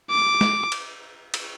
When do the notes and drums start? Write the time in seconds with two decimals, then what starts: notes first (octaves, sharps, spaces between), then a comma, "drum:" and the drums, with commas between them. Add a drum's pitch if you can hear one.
0.10 D6
0.41 drum: snare G#3
0.72 drum: cymbal
1.34 drum: cymbal